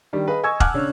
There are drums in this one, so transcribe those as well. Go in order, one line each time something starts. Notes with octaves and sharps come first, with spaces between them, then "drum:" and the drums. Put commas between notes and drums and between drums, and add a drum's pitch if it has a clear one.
D#3 G3 D4
G#4 B4 D#5 F5 B5
D#5 G#5 C#6 E6 G#6
F#5 G#5 A5 D6 F6 F#6, drum: kick
C#3 C#4 D4